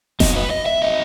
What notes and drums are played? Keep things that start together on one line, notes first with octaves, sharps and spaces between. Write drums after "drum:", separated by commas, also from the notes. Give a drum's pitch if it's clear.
F#2 F#3 C4 D#4 D#5, drum: snare F1
B4
D#5
E5
F#3 C4 D#4 D#5